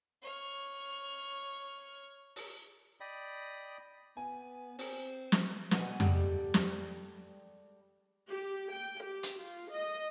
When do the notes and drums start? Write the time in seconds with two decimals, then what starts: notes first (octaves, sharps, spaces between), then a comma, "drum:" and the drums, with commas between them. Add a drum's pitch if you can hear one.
0.22 C#5 F6
2.36 drum: open hi-hat
3.00 D5 D#5 G5 B5 D#6
4.17 B3 G#5
4.79 C4, drum: open hi-hat
5.32 drum: snare
5.71 B2 D3 B3 B4 G#5, drum: snare
6.00 G3 G#3 G4 A4 D5 F#5, drum: tom F2
6.54 drum: snare
8.28 G4
8.70 G5
9.02 G4
9.23 drum: hi-hat
9.39 F4
9.71 D#5